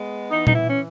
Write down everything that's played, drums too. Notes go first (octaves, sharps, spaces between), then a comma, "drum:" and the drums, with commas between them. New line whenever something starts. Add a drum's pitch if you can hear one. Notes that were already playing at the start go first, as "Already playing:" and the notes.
Already playing: G#3 B3
E3 D#4
D#4, drum: tom A#2
E4
C#4